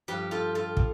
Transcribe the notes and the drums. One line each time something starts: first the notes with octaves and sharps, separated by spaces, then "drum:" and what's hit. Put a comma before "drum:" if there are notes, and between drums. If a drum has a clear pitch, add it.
G2 F3 G4 B4
F4 A4
F4 A4
F3, drum: kick